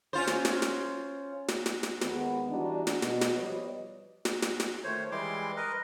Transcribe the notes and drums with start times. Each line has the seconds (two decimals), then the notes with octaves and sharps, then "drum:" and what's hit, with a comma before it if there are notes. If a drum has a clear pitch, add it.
0.13 C#4 F4 C5
0.27 drum: snare
0.45 drum: snare
0.62 drum: snare
1.48 drum: snare
1.66 drum: snare
1.83 drum: snare
2.01 D#2 D#3 G#3 B3, drum: snare
2.49 E3 G3 B3 D4 D#4 F#4
2.87 drum: snare
3.02 B2, drum: snare
3.21 drum: snare
3.35 F3 G3 B4 C#5 D#5
4.25 drum: snare
4.42 drum: snare
4.60 drum: snare
4.84 D#3 A3 C5 C#5
5.11 E3 G3 G#3 E4 C6 D6
5.56 A#4 B4 D#5